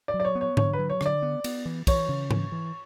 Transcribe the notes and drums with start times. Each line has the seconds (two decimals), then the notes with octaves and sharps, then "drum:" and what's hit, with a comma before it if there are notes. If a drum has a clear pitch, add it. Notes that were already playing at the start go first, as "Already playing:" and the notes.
0.08 D5
0.14 F#3
0.20 D5
0.25 C#5
0.35 B3
0.41 C#5
0.57 D3 C#5, drum: tom G#2
0.73 B4
0.79 F#3
0.90 C#5
1.01 D3 D5, drum: rim click
1.22 B3
1.44 B3, drum: cymbal
1.65 E3
1.87 E3 C#5, drum: kick, cymbal
2.09 C#3
2.31 E3, drum: tom G#2
2.52 E3